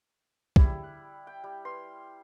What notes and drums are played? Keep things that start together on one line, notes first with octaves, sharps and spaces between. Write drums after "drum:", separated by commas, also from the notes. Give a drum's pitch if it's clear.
D3 G3 E4 G4 G#4, drum: kick
F#6
G5
G3
B4 C6 F6